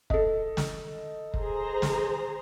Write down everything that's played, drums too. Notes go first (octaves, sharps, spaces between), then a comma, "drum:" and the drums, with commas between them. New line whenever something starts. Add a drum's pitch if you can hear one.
A4 D#5, drum: kick
drum: snare
G#4 C5 A#5, drum: kick
drum: snare